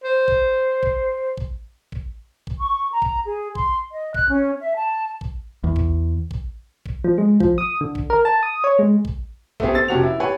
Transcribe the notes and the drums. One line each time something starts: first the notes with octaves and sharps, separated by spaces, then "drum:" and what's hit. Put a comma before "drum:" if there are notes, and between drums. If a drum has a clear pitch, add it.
C5
drum: kick
drum: kick
drum: kick
drum: kick
drum: kick
C#6
A#5
drum: kick
G#4
C6, drum: kick
D#5
F#6, drum: kick
C#4
E5
A5
drum: kick
E2
drum: kick
drum: kick
drum: kick
F3
G#3
F3, drum: kick
D#6
D3
drum: kick
A#4
A5
D#6
C#5
G#3
drum: kick
A3 B3 C4 G4 G#4, drum: kick
C4 E6 A6
F1 C#4 F#4 G4 F#5 F7
E4
G4 B4 C#5 F#5 G#5